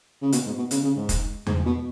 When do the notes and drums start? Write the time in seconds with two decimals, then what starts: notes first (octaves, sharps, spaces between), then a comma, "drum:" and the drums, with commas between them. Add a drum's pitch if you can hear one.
0.22 C#3
0.32 B2, drum: hi-hat
0.46 G#2
0.58 B2
0.71 C#3, drum: hi-hat
0.84 C#3
0.96 G#2
1.09 drum: kick F1, hi-hat
1.47 G#2, drum: tom E2
1.66 B2